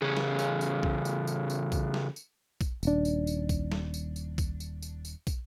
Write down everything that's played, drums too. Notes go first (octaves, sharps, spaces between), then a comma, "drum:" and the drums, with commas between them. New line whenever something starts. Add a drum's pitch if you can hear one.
E2 C#3 G#4
drum: snare
drum: tambourine
drum: tambourine
drum: kick
drum: tambourine
drum: tambourine
drum: tambourine
drum: kick, tambourine
drum: snare
drum: tambourine
drum: kick, tambourine
D#1 D4, drum: tambourine
drum: tambourine
drum: tambourine
drum: kick, tambourine
drum: snare
drum: tambourine
drum: tambourine
drum: kick, tambourine
drum: tambourine
drum: tambourine
drum: tambourine
drum: kick, tambourine